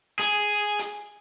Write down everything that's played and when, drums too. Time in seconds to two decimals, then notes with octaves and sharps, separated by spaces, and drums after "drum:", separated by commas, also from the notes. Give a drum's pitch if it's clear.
0.19 G#4, drum: hi-hat
0.79 drum: hi-hat